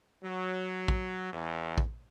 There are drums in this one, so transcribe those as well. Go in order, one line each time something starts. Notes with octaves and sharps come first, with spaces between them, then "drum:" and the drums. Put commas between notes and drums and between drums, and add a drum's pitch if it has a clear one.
F#3
drum: kick
E2
drum: kick